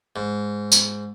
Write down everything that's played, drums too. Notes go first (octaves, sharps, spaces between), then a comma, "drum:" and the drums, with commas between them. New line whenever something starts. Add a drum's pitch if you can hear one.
G#2
drum: tambourine